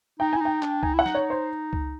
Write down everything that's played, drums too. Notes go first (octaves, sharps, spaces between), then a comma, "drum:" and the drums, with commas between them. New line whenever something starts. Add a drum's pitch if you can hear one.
D#4 G5
E4 G#5
D#4 G5
D4, drum: clap
D#4 G#5, drum: kick C#2
E4 F#5
D#4, drum: snare
C#5
C5
drum: kick C#2